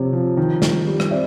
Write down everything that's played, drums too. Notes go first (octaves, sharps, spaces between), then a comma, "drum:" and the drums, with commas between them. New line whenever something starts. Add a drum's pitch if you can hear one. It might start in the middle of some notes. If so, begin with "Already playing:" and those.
Already playing: C3 F3 C4 C#5
F3
D#3
D#3, drum: snare
G3
drum: rim click
C4 D5 E5